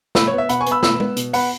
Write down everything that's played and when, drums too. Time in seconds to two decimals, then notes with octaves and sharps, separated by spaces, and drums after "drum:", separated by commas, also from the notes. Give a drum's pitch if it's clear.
0.15 B2 B5 E6, drum: snare
0.27 B3 C#5
0.38 E5
0.49 B2 F#5 B5, drum: hi-hat
0.61 G#5 C#6
0.66 B3, drum: hi-hat
0.71 B5 E6
0.83 B2 B5 E6, drum: snare
1.00 B3, drum: tom G#3
1.17 B2, drum: hi-hat
1.33 B3 F#5 B5, drum: open hi-hat